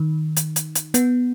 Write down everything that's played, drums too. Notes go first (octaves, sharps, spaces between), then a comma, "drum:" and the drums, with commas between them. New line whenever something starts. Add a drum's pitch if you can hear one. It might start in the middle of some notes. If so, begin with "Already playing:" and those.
Already playing: D#3
drum: hi-hat
drum: hi-hat
drum: hi-hat
B3, drum: hi-hat